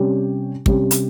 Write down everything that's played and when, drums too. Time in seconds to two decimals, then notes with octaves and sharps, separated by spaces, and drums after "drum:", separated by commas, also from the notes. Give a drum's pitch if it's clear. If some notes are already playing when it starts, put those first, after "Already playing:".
Already playing: C3 G3 C#4 G4
0.66 C3 G3 C#4 G4, drum: kick
0.91 drum: hi-hat